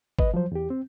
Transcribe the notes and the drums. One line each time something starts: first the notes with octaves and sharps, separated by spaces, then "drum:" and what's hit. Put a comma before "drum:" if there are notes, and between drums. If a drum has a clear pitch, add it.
B4 D#5, drum: kick
F3 F#3 C5
E2 G4
C4